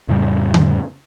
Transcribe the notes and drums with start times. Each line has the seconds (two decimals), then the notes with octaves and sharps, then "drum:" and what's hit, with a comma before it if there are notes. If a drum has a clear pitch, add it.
0.08 F2 A2 C#3 G3
0.54 drum: tom D3